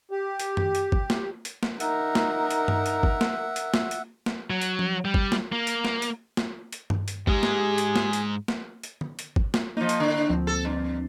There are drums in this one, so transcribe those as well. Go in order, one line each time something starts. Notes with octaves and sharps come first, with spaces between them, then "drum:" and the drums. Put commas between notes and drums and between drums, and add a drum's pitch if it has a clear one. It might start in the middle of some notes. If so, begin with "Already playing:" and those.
G4
drum: hi-hat
drum: tom F#2
drum: hi-hat
drum: kick G1
drum: snare
drum: hi-hat
drum: snare
D#4 A#4 E5 F#5, drum: hi-hat
drum: snare
drum: hi-hat
drum: tom G2
drum: hi-hat
drum: kick G1
drum: snare
drum: hi-hat
drum: snare
drum: hi-hat
drum: snare
F#3
drum: hi-hat
drum: tom F3
G3
drum: kick G1
drum: snare
A#3
drum: hi-hat
drum: snare
drum: hi-hat
drum: snare
drum: hi-hat
drum: tom G2
drum: hi-hat
G#2 G#3 G4 G#4, drum: kick G1
drum: snare
drum: hi-hat
drum: snare
drum: hi-hat
drum: snare
drum: hi-hat
drum: tom D3
drum: hi-hat
drum: kick G1
drum: snare
F3 A#3 D#4
drum: hi-hat
A2 D3
D2 F3 C4
A4
G2